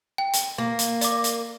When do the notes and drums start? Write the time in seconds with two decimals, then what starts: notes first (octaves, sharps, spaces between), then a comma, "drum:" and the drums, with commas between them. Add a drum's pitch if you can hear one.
0.18 G5
0.33 drum: hi-hat
0.58 A#3
0.79 drum: hi-hat
1.01 D5 D6, drum: hi-hat
1.24 drum: hi-hat